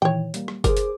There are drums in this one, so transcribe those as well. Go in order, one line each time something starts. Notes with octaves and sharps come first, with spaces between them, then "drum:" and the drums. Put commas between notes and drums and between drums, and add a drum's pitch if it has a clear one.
A#2 D#3 E3 C#5 G5
G3 A#3, drum: hi-hat
drum: rim click
G#4 A#4 C5 D6, drum: kick F#1, hi-hat
drum: hi-hat